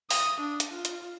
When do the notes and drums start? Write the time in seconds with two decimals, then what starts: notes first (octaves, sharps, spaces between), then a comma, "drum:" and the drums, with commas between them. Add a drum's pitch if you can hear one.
0.11 D#6, drum: open hi-hat
0.41 D4
0.60 drum: hi-hat
0.73 F4
0.85 drum: hi-hat